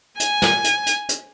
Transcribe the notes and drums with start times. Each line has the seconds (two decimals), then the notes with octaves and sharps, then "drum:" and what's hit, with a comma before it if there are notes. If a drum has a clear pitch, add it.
0.20 G#5, drum: hi-hat
0.42 drum: snare
0.64 drum: hi-hat
0.86 drum: hi-hat
1.09 drum: hi-hat